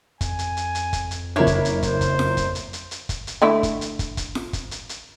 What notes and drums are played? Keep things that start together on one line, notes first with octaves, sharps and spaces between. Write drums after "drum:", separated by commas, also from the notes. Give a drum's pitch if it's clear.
F2 G#5, drum: kick, hi-hat
drum: hi-hat
drum: hi-hat
drum: hi-hat
drum: kick, hi-hat
drum: hi-hat
F#1 D4 E4 A#4 C#5 G#6
drum: kick, hi-hat
drum: hi-hat
C5, drum: kick, hi-hat
drum: kick, hi-hat
drum: snare F4
drum: kick, hi-hat
drum: hi-hat
drum: hi-hat
drum: hi-hat
drum: kick, hi-hat
drum: hi-hat
D3 A3 E4
drum: kick, hi-hat
drum: hi-hat
drum: kick, hi-hat
drum: kick, hi-hat
drum: snare F4
drum: kick, hi-hat
drum: hi-hat
drum: hi-hat